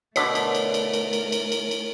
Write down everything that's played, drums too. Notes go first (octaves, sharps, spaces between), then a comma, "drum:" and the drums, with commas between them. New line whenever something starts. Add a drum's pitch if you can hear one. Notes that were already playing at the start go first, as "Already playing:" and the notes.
B2 D3 A3 A#4 C#5 D6 B6, drum: cymbal
drum: cymbal
drum: cymbal
drum: cymbal
drum: cymbal
drum: cymbal
drum: cymbal
drum: cymbal
drum: cymbal